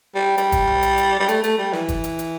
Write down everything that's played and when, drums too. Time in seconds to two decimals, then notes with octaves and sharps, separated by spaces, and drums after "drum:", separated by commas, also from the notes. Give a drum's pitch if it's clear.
0.15 G3
0.38 G3, drum: hi-hat
0.52 drum: kick, hi-hat
0.67 drum: tom B1
0.83 drum: hi-hat
0.98 drum: hi-hat
1.19 G3
1.29 A3, drum: hi-hat
1.43 A3, drum: hi-hat
1.58 G3
1.73 E3, drum: snare
1.88 drum: kick, hi-hat
2.04 drum: hi-hat
2.19 drum: hi-hat